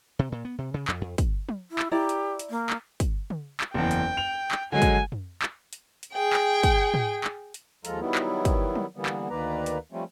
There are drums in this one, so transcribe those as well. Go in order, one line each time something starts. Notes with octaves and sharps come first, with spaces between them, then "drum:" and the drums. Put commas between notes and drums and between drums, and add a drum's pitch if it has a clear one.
C3
A#2
B3
C3
C#3
F2, drum: clap
F2
drum: kick, hi-hat
drum: tom
E4
drum: clap
E4 G4 D5 A#5
drum: hi-hat
drum: hi-hat
A#3
drum: clap
drum: kick, hi-hat
drum: tom
drum: clap
F#1 E2 G5
drum: hi-hat
F7
drum: clap
D3 F#3 G#3 G#5
drum: kick, hi-hat
drum: tom
drum: clap
drum: hi-hat
drum: hi-hat
G#4 G5
drum: clap
drum: kick, hi-hat
drum: tom
drum: clap
drum: hi-hat
D#2 F3 G#3 F4 A4 A#5, drum: hi-hat
D#3 F#3 G3 B3 E4
drum: clap
drum: kick, hi-hat
drum: tom
D3 E3 G3 A#3 B3
drum: clap
D2 D#3 A#3 B4 D5 A#5
drum: hi-hat
F3 G3 A3 C4 C#4